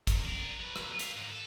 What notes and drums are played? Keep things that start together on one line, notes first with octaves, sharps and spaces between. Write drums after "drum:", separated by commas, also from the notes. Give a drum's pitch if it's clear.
F#2, drum: kick, hi-hat
D4 A#4
F#3 B4
drum: rim click
B4 F5, drum: hi-hat
G#2 D#3
A4